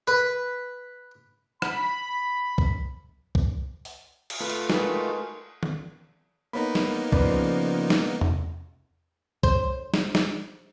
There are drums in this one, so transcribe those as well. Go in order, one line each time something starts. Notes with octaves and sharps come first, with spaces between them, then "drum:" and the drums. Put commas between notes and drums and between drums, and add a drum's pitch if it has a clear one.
B4
B5, drum: rim click
drum: kick
drum: kick
drum: open hi-hat
drum: cymbal
A3 F4 B4
drum: hi-hat
D#3 G#3 F#4 B4, drum: snare
drum: tom D#3
A#3 B3 D#4 A#4 C#5 B5
drum: snare
C#3 F3 B4 D5, drum: kick
drum: snare
drum: tom E2
C5, drum: kick
drum: snare
drum: snare